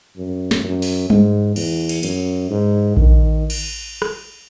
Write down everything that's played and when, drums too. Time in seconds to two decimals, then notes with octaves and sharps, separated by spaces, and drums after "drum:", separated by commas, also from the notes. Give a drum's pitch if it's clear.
0.17 F#2
0.51 drum: snare
0.64 F#2
0.82 drum: open hi-hat
1.10 G#2, drum: tom G3
1.56 E2, drum: cymbal
1.89 drum: cymbal
2.03 F#2, drum: cymbal
2.50 G#2
2.97 D#3, drum: kick A#1
3.50 drum: cymbal
4.02 drum: rim click